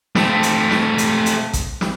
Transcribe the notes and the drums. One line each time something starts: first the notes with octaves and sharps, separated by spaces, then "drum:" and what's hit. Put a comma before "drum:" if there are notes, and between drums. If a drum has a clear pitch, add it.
A3 C4, drum: snare
drum: hi-hat
drum: snare
drum: hi-hat
drum: hi-hat
drum: kick A1, hi-hat
drum: snare